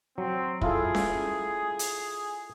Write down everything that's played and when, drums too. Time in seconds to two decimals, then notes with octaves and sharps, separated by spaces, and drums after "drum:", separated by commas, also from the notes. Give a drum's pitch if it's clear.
0.18 F#3 C4
0.61 E4 F4 G#4 A4, drum: kick
0.95 drum: snare C#4
1.79 drum: hi-hat